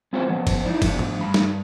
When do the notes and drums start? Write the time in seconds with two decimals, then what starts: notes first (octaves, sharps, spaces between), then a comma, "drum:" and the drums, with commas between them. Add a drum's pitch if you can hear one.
0.13 G#3 C4 F4 G4 C5 C#5
0.27 F3 G#3 B3
0.47 drum: kick, cymbal
0.65 D#4 E4 D5
0.82 D3 F3 A3 D4, drum: kick, cymbal
0.99 drum: tom G#2
1.21 G2 B5
1.34 drum: snare